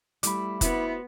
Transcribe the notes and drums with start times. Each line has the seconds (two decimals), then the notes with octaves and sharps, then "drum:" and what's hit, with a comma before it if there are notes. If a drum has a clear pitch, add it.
0.23 G3 A3 E4 B5 D6, drum: hi-hat
0.61 B3 E4 F#4 C5, drum: kick F1, hi-hat